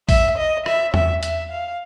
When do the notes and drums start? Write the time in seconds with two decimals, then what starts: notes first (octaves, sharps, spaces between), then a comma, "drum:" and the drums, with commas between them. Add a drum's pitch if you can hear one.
0.09 E5, drum: kick A1, open hi-hat
0.38 D#5
0.66 E5, drum: rim click
0.94 E5, drum: tom E2
1.23 E5, drum: hi-hat
1.51 F5